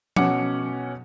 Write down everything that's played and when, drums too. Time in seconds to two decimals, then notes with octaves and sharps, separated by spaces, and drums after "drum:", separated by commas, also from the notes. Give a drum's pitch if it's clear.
0.16 B2 C#4 F#5 D6 C#7, drum: tom F3